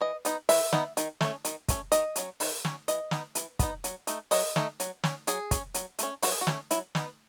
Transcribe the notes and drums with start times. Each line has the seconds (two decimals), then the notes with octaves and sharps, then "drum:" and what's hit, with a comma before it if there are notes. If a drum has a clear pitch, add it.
0.01 E3 D#5
0.25 B3 D#4, drum: hi-hat
0.49 E3 E5, drum: open hi-hat
0.73 B3 D#4, drum: snare
0.97 D#3, drum: hi-hat
1.21 A3 C#4, drum: snare
1.45 D#3, drum: hi-hat
1.68 A3 C#4, drum: kick, hi-hat
1.92 D#3 D#5, drum: hi-hat
2.16 F#3 C#4, drum: hi-hat
2.40 D#3, drum: open hi-hat
2.65 F#3 C#4, drum: snare
2.88 E3 D#5, drum: hi-hat
3.11 B3 D#4, drum: snare
3.35 E3, drum: hi-hat
3.59 B3 D#4, drum: kick, hi-hat
3.84 F#3, drum: hi-hat
4.07 A3 D#4, drum: hi-hat
4.31 F#3 D#5, drum: open hi-hat
4.56 A3 D#4, drum: snare
4.80 F#3, drum: hi-hat
5.04 C#4, drum: snare
5.27 F#3 G#4, drum: hi-hat
5.51 C#4, drum: kick, hi-hat
5.74 F#3, drum: hi-hat
5.99 A3 C#4, drum: hi-hat
6.22 F#3 F#4, drum: open hi-hat
6.32 G#4
6.41 F#4
6.47 A3 C#4, drum: snare
6.71 F#3 E4, drum: hi-hat
6.95 B3 D#4, drum: snare